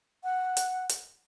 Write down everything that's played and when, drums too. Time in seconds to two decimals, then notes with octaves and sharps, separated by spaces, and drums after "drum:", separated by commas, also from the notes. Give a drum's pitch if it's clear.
0.24 F#5
0.57 drum: hi-hat
0.89 drum: hi-hat